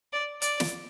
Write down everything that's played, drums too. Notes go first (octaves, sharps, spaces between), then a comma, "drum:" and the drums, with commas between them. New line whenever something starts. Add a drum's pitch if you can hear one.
D5
D5, drum: hi-hat
drum: snare